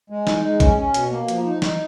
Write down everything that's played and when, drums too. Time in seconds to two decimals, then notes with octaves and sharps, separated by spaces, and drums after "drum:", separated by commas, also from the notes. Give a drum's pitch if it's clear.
0.10 G#3
0.27 D#4, drum: snare
0.44 G#3
0.60 C#4, drum: kick A#1, hi-hat
0.78 C#4
0.94 B2, drum: hi-hat
1.11 A#3
1.28 F3, drum: hi-hat
1.46 D#4
1.62 D#4, drum: snare